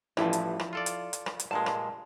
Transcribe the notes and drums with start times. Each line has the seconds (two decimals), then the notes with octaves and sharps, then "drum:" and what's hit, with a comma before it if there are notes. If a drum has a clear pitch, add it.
0.17 A1 G2 E3 F3 E4, drum: rim click
0.33 drum: hi-hat
0.59 drum: rim click
0.73 F4 A4 D5
0.86 drum: hi-hat
1.13 drum: hi-hat
1.26 drum: rim click
1.40 drum: hi-hat
1.51 G2 A#2 G#3 A5
1.66 drum: rim click